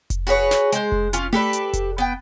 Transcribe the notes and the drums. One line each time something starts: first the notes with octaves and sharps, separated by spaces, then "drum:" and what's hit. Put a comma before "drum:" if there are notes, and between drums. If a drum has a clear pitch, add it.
drum: kick F1, hi-hat
F#4 G#4 B4 C#5
drum: snare
G#3 C5, drum: hi-hat
drum: kick F1
C#4 F4, drum: hi-hat
G4 A4 B4 D5, drum: tom A3
drum: hi-hat
drum: kick F1, hi-hat
B3 G5